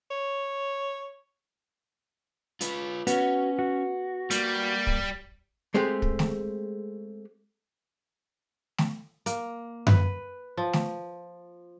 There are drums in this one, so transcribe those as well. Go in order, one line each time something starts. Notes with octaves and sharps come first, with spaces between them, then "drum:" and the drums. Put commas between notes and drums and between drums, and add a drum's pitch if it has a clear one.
C#5
F4 B4, drum: hi-hat
B3 C#4 F#4, drum: hi-hat
F#4
G3 A#3, drum: hi-hat
drum: kick
G#3 A3 C4 G4 G#4
drum: kick
drum: snare A3
drum: snare A3
A#3, drum: hi-hat
B4, drum: tom F#2
F3
drum: snare A3